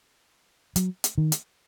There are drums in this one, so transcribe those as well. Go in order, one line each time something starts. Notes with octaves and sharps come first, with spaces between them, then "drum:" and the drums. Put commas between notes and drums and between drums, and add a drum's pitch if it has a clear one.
F#3, drum: hi-hat
drum: hi-hat
D#3
drum: hi-hat